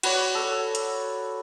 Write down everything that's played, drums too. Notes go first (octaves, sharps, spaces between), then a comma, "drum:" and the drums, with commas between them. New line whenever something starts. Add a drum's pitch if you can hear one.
F#4 B4 C#5 D5, drum: cymbal
A4
drum: hi-hat